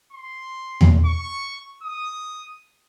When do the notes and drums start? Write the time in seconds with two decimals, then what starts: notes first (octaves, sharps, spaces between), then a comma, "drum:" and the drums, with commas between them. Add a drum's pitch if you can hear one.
0.12 C6
0.81 drum: tom E2
1.05 C#6
1.83 D#6